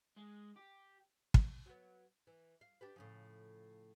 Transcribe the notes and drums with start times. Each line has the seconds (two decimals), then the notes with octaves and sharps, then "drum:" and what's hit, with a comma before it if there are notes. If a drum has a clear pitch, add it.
0.17 G#3
0.57 G4
1.34 drum: kick
1.66 F#3 B3
2.27 E3
2.61 F5
2.81 D4 G4 B4
2.96 A2 C#3 F3